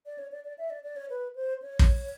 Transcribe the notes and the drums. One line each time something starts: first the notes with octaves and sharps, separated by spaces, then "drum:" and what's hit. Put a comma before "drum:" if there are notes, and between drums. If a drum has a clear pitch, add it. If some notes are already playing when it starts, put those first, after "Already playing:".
D5
C#5
D5
D5
E5
D5
D5
C#5
B4
C5
C#5
drum: kick